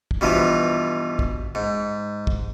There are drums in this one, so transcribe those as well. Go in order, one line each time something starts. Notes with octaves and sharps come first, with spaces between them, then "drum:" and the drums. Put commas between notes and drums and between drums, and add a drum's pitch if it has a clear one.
drum: kick
G2 B2 E3 F3
drum: kick
G#2
drum: kick